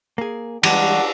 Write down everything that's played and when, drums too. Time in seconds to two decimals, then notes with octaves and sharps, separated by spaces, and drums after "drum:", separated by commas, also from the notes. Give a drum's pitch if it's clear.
0.18 A#3 G#4
0.63 E3 G3 G#3 D4 F#5, drum: cymbal